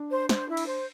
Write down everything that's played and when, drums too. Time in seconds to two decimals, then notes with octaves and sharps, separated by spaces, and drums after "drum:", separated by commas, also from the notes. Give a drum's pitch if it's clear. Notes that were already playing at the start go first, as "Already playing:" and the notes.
Already playing: D4
0.11 C5
0.29 C5, drum: snare
0.48 E4
0.57 drum: cymbal
0.67 C5